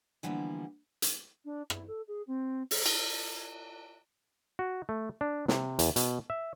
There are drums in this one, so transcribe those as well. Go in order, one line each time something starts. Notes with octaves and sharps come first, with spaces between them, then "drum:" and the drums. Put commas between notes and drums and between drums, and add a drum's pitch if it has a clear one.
D3 E3 F3 G3 A#3 B3
drum: hi-hat
D4
E4, drum: rim click
A4
G#4
C4
A4, drum: open hi-hat
drum: cymbal
F#4
A3
D4
C3, drum: snare
E2, drum: hi-hat
B2, drum: hi-hat
E5